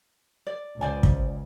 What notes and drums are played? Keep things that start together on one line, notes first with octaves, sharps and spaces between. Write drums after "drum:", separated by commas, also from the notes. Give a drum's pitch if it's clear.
D5
C#2 C#3 C5 D5 G#5
drum: kick